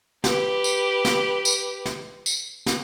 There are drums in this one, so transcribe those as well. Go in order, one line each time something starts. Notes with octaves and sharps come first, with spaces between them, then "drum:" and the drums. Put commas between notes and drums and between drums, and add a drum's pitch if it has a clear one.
G4 B4, drum: snare
drum: tambourine
drum: snare
drum: tambourine
drum: snare
drum: tambourine
drum: snare